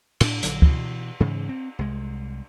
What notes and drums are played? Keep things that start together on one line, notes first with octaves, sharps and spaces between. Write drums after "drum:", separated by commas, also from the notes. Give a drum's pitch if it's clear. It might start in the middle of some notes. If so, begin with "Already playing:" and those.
A2 D4, drum: cymbal
A#1 D3 F#3, drum: hi-hat
B2 E3, drum: kick
G#2 C#3 E3
C4
C2 G#3